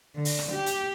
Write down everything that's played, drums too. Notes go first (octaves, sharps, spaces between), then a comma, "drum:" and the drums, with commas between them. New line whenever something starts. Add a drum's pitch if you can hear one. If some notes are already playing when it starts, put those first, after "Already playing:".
D3
drum: open hi-hat
drum: rim click
G4
drum: hi-hat